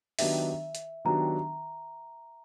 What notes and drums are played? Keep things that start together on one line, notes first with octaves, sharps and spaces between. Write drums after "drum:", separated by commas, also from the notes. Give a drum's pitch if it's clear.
D#3 F#3 B3 D4 G4 E5, drum: open hi-hat
drum: hi-hat
D#3 F#3 B3 D4 G4 A#5